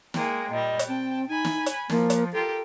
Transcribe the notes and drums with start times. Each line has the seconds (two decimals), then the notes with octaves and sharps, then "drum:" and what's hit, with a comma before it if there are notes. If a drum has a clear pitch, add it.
0.14 G#3 A#3 G5, drum: snare
0.51 A#2 G3 D#5
0.79 drum: hi-hat
0.88 C4 G5 A5
1.29 D#4 G#5 B5
1.45 drum: snare
1.66 drum: hi-hat
1.90 F3 A#3, drum: snare
2.10 drum: hi-hat
2.33 F4 G4 A4 A#4